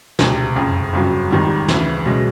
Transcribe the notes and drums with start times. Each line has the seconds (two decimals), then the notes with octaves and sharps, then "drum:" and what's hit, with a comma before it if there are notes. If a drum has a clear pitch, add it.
0.19 E1 D2 C3, drum: snare
0.55 F#1 F2 C#3
0.93 G1 F2 C#3 F#3
1.30 G#1 G#2 D#3 G3
1.68 D2 C#3 E3, drum: snare
2.05 B1 B2 G#3 C#4